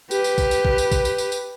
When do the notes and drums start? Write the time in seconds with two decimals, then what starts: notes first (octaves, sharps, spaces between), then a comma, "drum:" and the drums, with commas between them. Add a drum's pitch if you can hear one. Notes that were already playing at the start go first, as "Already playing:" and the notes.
0.11 G4 B4, drum: tambourine
0.24 drum: tambourine
0.38 drum: kick, tambourine
0.51 drum: tambourine
0.65 drum: kick
0.78 drum: tambourine
0.92 drum: kick, tambourine
1.05 drum: tambourine
1.18 drum: tambourine
1.32 drum: tambourine